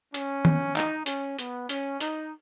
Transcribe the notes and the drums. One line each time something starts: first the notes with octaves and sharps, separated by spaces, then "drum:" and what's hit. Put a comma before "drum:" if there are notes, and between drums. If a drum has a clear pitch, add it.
C#4, drum: hi-hat
drum: tom
D#4, drum: clap
C#4, drum: hi-hat
B3, drum: hi-hat
C#4, drum: hi-hat
D#4, drum: hi-hat